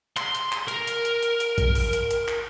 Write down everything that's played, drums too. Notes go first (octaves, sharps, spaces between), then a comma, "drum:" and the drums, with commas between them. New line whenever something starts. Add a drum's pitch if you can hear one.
C6, drum: clap
drum: hi-hat
drum: clap
A#4, drum: hi-hat
drum: hi-hat
drum: hi-hat
drum: hi-hat
drum: hi-hat
drum: kick, hi-hat
drum: open hi-hat
drum: hi-hat
drum: hi-hat
drum: clap